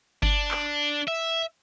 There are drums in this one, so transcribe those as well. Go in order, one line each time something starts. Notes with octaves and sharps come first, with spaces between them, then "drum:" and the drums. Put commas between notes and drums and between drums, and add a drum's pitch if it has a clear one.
D4, drum: kick G1
drum: clap
E5